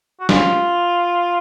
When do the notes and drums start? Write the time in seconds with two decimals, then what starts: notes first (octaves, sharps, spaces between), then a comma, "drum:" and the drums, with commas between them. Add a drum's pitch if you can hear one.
0.20 F#4
0.29 F4, drum: snare